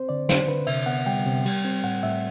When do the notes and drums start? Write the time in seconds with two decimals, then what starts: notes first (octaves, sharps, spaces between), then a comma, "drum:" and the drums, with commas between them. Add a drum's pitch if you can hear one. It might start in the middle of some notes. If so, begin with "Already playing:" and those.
Already playing: C4 C5
0.09 D3 D5
0.29 D3 C5, drum: snare
0.48 D3 B4
0.67 C3 E5, drum: cymbal
0.86 B3 F#5
1.06 G3 G5
1.26 C3
1.46 G3, drum: cymbal
1.65 C4
1.84 A2 F#5
2.03 A2 E5